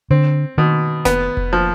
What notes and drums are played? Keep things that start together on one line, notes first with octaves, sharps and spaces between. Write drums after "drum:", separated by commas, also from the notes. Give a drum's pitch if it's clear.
D3 C4
B2 D#3
B3, drum: snare F1
drum: kick F1
F3